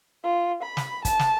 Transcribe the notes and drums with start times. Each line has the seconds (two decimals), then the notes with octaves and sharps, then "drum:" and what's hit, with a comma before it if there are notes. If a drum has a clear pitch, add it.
0.24 F4
0.63 B5
0.77 drum: snare
1.05 A5, drum: kick, hi-hat
1.19 drum: snare